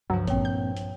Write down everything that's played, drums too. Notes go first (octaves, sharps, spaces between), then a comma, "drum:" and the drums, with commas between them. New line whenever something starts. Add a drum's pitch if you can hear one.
C#2 G2 F3 F#3
A#2 C4 C#5 G5, drum: kick, hi-hat
G6
drum: hi-hat